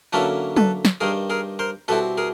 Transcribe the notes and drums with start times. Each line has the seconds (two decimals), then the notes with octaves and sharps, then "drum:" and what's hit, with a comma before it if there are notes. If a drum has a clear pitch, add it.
0.13 D3 F#3 A#3 C#4 E4 A4 B4
0.57 A4 B4, drum: tom F#3
0.85 drum: snare
1.01 G2 D#3 G3 G#4 A#4
1.30 G#4 A#4
1.59 A#4 C5
1.88 B2 G3 C4 E4 A4 B4
2.18 G#4 A#4